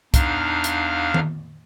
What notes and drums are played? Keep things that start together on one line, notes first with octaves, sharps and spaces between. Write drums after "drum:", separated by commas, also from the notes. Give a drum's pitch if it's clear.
E2 D4 D#4 F5 F6, drum: kick, hi-hat
drum: hi-hat
drum: tom D#3